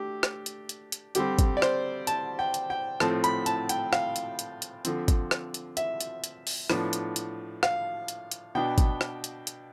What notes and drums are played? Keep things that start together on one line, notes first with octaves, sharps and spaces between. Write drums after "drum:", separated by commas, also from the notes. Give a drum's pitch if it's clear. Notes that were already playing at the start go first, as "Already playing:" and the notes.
Already playing: A3 D4 G4
drum: rim click
drum: hi-hat
drum: hi-hat
drum: hi-hat
D3 G3 C4 G4, drum: hi-hat
drum: kick, hi-hat
D5
C5, drum: rim click
A5, drum: hi-hat
G5
drum: hi-hat
G5
A2 F3 A3 C4 A5, drum: rim click
B5, drum: hi-hat
A5, drum: hi-hat
G5, drum: hi-hat
F5, drum: rim click
drum: hi-hat
drum: hi-hat
drum: hi-hat
D3 F3 C4, drum: hi-hat
drum: kick, hi-hat
drum: rim click
drum: hi-hat
E5, drum: hi-hat
drum: hi-hat
drum: hi-hat
drum: open hi-hat
A2 F3 B3 D4, drum: rim click
drum: hi-hat
drum: hi-hat
F5, drum: rim click
drum: hi-hat
drum: hi-hat
B2 B3 D4 G5
drum: kick, hi-hat
drum: rim click
drum: hi-hat
drum: hi-hat